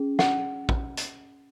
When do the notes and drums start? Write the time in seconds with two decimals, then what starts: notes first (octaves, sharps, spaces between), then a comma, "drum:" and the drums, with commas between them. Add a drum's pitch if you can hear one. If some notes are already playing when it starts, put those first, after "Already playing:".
Already playing: C#4 G#4
0.19 F#5, drum: snare
0.69 drum: kick
0.97 drum: hi-hat